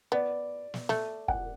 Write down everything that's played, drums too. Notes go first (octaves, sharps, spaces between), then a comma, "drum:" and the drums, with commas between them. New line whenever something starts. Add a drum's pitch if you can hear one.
B3 D5
drum: snare
A3, drum: snare
F#5, drum: kick